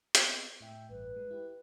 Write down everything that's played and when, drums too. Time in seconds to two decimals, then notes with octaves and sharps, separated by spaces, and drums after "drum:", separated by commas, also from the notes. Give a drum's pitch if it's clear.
0.15 B3 C4 D#5, drum: hi-hat
0.61 A2 E5 G5
0.90 A1 G2 B4
1.16 G#3
1.31 E4 G4